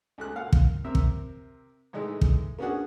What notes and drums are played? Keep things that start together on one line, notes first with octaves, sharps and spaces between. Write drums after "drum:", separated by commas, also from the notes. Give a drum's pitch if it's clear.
C#2 A3 F#6
A#2 F5 F#5
drum: kick
C3 C4 A#4 E5
drum: kick
A2 E3 G#3 D#4 E4
drum: kick
A#3 B3 C#4 D4 F#4 G#4